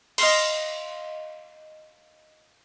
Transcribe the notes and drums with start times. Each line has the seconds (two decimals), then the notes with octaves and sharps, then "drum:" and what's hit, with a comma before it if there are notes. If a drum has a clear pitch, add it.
0.18 D#5 F5 C6, drum: cymbal